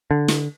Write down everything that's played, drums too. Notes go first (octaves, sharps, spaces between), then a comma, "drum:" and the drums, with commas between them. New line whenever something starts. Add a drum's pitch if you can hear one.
D3
drum: snare